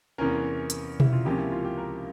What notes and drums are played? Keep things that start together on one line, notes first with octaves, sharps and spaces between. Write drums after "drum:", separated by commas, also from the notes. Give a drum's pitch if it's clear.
E2 C3 E3 A#3 C#4 A#4
drum: hi-hat
E4, drum: tom B2
F4
C#2 C3 F3 A#3 C#4 G4
E4
F4
G4
A#4